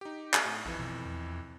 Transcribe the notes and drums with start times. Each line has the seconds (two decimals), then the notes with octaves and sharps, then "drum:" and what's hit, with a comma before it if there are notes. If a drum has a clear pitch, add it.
0.01 D#4 G4
0.34 drum: clap
0.45 A2
0.65 A#1 F2 E3
0.79 B2
1.05 E2